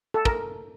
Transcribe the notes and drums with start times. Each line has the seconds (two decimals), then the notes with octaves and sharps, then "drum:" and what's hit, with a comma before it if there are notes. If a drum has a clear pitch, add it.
0.14 A4
0.25 A#4, drum: kick